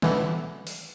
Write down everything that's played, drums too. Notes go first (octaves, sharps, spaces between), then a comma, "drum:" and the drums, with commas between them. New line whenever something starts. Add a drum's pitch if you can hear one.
B2 D3 E3 G3 G#3 B3, drum: snare
drum: open hi-hat